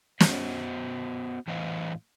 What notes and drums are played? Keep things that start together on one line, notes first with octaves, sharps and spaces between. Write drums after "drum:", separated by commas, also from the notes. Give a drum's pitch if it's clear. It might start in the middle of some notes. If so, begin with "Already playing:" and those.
B3 F#4 C5 D#5, drum: snare
A2 E3 C5 D#5 F5